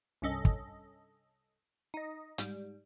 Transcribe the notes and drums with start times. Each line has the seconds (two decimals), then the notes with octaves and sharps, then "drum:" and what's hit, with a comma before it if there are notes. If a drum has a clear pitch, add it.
0.22 C2 G2 C#4 A4 D#5
0.45 drum: kick
1.94 D#4 D#5
2.38 G#2 G3, drum: hi-hat